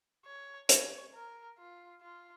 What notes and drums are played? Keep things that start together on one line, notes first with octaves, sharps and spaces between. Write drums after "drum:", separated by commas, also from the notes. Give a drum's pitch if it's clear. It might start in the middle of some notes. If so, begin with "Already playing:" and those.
C#5
C#5, drum: hi-hat
A#4
F4
F4